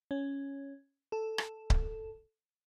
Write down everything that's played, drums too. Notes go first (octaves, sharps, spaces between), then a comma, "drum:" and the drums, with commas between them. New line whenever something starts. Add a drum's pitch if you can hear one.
C#4
A4
drum: rim click
drum: kick C#1